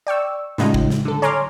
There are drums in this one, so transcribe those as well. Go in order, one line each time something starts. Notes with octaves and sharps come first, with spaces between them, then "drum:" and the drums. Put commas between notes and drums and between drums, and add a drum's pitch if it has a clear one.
D5 G5 C#6 E6
A2 C#3 G3 G#3 D#4 F4, drum: snare
drum: kick
drum: snare
D3 A4
C#5 G#5 A#5 C6 D6 F6